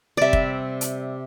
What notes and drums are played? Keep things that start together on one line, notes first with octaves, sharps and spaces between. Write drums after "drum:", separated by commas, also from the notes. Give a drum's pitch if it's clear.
C3 G3 D5 E5
drum: kick
drum: hi-hat